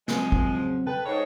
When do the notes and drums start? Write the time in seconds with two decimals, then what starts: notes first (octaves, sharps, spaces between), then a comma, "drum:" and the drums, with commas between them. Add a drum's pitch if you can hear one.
0.08 C#3 F3 F#3 G#3 C4, drum: snare
0.32 drum: kick
0.87 A4 B4 G5 A5
1.06 G#2 C#5